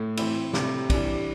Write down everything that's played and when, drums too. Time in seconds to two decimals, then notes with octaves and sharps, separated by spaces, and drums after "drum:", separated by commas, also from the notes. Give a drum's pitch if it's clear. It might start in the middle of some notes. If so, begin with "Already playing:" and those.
Already playing: A2
0.17 E3 C4 E4, drum: cymbal
0.54 A2 C3 G3 E4, drum: snare
0.90 E3 G3 D4, drum: kick, cymbal